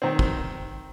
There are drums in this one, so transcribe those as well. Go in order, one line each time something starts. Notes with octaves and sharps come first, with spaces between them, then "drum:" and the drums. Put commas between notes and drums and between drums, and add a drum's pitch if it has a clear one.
D#3 C4
drum: kick